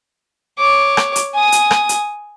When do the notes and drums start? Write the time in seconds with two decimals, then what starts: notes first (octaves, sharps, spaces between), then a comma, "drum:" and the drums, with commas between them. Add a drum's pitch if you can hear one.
0.58 C#5 D6
0.97 drum: rim click
1.16 drum: hi-hat
1.34 G#5 D#6
1.52 drum: hi-hat
1.71 drum: rim click
1.89 drum: hi-hat